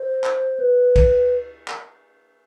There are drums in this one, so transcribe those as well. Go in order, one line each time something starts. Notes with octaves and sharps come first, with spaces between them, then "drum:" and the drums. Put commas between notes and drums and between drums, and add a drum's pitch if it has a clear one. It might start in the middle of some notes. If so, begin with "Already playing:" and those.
Already playing: C5
drum: clap
B4
drum: kick, cymbal
drum: clap